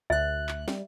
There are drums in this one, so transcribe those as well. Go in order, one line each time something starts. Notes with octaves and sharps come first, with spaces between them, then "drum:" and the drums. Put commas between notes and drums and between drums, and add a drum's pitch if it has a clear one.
D2 E5 F#6
drum: clap
G3, drum: snare